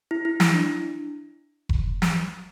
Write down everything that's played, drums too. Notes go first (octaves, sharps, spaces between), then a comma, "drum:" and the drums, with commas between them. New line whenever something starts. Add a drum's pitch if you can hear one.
E4
E4
E4, drum: snare
D4
drum: kick F1
drum: snare